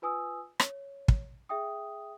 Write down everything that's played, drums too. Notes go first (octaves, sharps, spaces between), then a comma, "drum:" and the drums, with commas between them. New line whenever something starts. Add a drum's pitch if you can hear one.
F4 B4 G#5 D#6 E6
C#5, drum: rim click
drum: kick
G#4 E5 G5 D#6